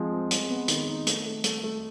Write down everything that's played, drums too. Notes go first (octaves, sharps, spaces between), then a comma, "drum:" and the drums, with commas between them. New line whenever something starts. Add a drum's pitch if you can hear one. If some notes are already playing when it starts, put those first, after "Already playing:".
Already playing: F3 G#3 C4
C4
G#3, drum: hi-hat
B3
D#3, drum: hi-hat
D#4
A3, drum: hi-hat
A3
A3, drum: hi-hat
A3